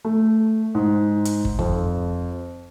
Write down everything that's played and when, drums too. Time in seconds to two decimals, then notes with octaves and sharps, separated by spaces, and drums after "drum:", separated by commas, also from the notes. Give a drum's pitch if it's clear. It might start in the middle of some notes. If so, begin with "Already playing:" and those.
0.05 A3
0.75 G#2
1.25 drum: hi-hat
1.45 drum: kick
1.59 F2, drum: kick